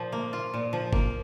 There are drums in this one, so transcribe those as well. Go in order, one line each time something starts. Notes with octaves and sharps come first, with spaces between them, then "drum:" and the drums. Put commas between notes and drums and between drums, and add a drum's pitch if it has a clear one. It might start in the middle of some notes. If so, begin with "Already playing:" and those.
Already playing: A#2 F3
A#3
F4
A#2
F3
A#3, drum: kick G1